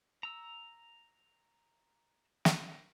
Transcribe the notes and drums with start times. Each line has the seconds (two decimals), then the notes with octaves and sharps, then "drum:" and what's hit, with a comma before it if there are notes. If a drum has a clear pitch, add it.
0.23 A#5 E6
2.45 drum: snare